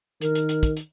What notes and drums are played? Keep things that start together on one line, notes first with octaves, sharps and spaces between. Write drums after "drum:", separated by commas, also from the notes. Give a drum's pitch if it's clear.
D#3 A#4, drum: hi-hat
drum: hi-hat
drum: hi-hat
drum: kick, hi-hat
drum: hi-hat